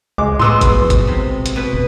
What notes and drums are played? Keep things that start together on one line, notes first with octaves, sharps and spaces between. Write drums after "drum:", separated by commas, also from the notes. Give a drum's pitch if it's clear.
C#2 G#3 D6
A2 G#3 B3 F#4 C6 E6
A#1, drum: kick, hi-hat
drum: kick, hi-hat
C3
drum: hi-hat
B2 B4
E1